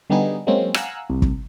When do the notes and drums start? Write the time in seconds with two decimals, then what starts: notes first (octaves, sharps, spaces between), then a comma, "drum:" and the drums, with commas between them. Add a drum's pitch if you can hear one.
0.10 D3 G3 B3 D#4 G#4
0.47 F#3 G#3 A#3 C4 C#4
0.74 F5 F#5 G#5 A#5 E6 F#6, drum: rim click
1.10 C2
1.22 drum: kick